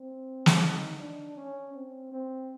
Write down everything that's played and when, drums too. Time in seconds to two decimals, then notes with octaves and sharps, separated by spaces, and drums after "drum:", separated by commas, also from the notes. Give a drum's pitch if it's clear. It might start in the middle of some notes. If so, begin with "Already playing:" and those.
Already playing: C4
0.46 drum: snare
0.62 D#4
0.99 D4
1.37 C#4
1.74 C4
2.12 C4